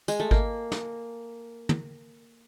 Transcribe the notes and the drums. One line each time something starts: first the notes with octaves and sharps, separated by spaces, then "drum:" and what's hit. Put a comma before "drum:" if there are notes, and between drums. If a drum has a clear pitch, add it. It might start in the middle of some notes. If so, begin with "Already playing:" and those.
G#3, drum: tambourine
A3
A#3, drum: kick G#1
drum: snare
drum: tom